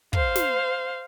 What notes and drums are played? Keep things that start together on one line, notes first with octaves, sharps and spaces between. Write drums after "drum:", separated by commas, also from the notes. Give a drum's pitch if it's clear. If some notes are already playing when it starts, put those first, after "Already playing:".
C5 F5, drum: kick
drum: snare